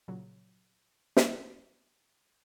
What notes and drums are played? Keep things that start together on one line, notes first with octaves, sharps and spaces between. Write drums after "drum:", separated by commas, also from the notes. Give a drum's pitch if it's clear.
A#2 C#3 F#3
drum: snare